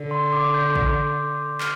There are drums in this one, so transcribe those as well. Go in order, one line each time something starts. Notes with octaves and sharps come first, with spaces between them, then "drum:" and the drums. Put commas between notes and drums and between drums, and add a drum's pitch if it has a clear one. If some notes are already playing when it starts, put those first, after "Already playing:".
Already playing: D3
C6
C6
D6
G6
drum: kick
F6, drum: clap